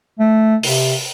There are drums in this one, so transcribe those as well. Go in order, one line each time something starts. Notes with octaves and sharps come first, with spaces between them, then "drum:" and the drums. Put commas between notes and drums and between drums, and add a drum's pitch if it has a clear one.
A3
C3, drum: open hi-hat